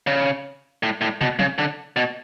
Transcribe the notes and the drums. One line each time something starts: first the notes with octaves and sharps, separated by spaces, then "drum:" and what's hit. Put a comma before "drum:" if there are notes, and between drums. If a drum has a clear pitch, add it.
C#3
A2
A2
B2, drum: tom
C#3, drum: tom
D3
B2